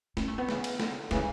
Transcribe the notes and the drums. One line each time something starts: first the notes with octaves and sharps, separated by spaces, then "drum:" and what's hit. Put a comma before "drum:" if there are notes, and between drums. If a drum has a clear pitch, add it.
C#4, drum: snare
A3
B3
C#3 E3, drum: snare
drum: cymbal
D3, drum: snare
C#3
D3
C#3 E3 G#3, drum: snare